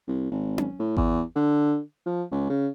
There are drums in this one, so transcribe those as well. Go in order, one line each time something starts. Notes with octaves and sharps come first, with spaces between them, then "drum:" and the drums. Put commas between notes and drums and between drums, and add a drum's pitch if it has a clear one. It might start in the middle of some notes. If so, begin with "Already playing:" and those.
C2
G#1
drum: tom C#4
A2
E2, drum: kick G#1
D3
F3
C#2
C#3